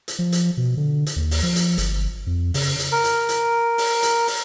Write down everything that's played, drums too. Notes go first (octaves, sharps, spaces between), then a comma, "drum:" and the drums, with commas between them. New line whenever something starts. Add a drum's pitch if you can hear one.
drum: hi-hat
F3
drum: hi-hat
B2
D3
drum: hi-hat
D#2
drum: open hi-hat
F3
drum: hi-hat
G1, drum: hi-hat
F2
C#3, drum: open hi-hat
drum: hi-hat
A#4
drum: hi-hat
drum: hi-hat
drum: open hi-hat
drum: hi-hat
drum: open hi-hat